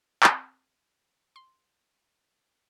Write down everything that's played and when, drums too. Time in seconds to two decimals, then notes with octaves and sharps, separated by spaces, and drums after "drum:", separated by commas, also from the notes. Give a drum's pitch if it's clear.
0.23 C4, drum: clap
1.36 C6